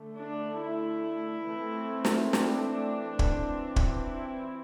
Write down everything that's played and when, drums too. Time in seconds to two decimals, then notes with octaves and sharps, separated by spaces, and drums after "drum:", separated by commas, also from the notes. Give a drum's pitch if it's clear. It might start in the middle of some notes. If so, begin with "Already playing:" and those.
Already playing: D3 A3
0.19 D4
0.61 E4
1.47 E3 A3 C4
2.05 drum: snare
2.33 D4, drum: snare
3.19 E3 C4, drum: kick
3.76 drum: kick
4.05 E4